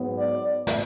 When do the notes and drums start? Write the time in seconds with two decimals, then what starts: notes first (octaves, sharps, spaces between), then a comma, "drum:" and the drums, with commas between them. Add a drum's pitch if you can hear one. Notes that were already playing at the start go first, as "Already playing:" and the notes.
Already playing: G#2 F#3 B3
0.17 D5
0.67 drum: snare